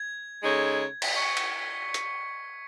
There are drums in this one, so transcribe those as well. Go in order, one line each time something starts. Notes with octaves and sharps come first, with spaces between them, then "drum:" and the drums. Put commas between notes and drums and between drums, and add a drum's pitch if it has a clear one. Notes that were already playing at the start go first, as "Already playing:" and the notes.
Already playing: G#6
C#3 G#3 D#4 A4 C#5
B6, drum: cymbal
C#6 C#7
drum: cymbal
drum: hi-hat